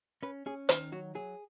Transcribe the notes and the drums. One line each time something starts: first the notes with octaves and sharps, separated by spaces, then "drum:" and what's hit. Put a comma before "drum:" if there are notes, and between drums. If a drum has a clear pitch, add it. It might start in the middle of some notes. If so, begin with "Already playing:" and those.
C#4 B4
C#4 G#4
D#3 B4, drum: hi-hat
F#3 F#4
F#3 G#4